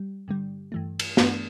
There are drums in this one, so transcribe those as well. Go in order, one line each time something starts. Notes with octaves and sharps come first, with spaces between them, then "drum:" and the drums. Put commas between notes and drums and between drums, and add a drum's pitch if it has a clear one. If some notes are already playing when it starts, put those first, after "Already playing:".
Already playing: G3
G2 D3 G3
G2 E3 A3
drum: cymbal
G2 E3 A3 B3 D4, drum: snare